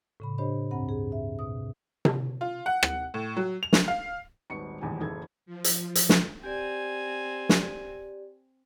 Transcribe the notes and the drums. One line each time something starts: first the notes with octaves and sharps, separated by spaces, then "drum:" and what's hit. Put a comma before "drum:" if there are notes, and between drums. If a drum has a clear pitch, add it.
A2 C#3 B5
D4 G4 C5 C#5 D#5 B5
D2 G2 C4 F#5 A#5 B5
G#4
E5
B2 D#6
drum: tom C3
F4
F#5
drum: rim click
A2
F#3
F7
drum: snare
F5
D#1 G#1 B4 C#6 C#7
D#1 G#1 E2 A2 G#5
F#1 E3 G#4 A4 G#6
F3
drum: hi-hat
drum: hi-hat
drum: snare
C4 G4 D5 G#5
drum: snare